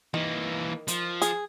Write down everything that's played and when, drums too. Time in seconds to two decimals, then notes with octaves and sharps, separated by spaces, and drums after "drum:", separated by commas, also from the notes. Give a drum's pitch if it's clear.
0.14 D#3 E3 A#3
0.88 F3, drum: hi-hat
1.22 G#4, drum: hi-hat